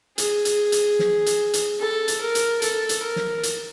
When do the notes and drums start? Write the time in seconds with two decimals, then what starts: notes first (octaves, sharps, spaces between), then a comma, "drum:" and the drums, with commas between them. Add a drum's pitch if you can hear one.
0.18 G#4, drum: hi-hat
0.45 drum: hi-hat
0.72 drum: hi-hat
0.99 drum: snare
1.26 drum: hi-hat
1.54 drum: hi-hat
1.80 A4
2.08 drum: hi-hat
2.21 A#4
2.35 drum: hi-hat
2.62 A4, drum: hi-hat
2.89 drum: hi-hat
3.03 A#4
3.16 drum: snare
3.43 drum: hi-hat